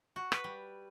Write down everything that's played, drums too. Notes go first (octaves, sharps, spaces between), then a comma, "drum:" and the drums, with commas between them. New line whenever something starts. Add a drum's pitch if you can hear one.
F#4
B4, drum: rim click
G3